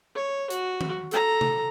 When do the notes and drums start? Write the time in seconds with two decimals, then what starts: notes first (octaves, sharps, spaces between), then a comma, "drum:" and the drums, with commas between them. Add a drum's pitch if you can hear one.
0.15 C#5
0.50 F#4, drum: hi-hat
0.81 drum: tom D#3
1.11 A4 A#5, drum: hi-hat
1.41 drum: tom C3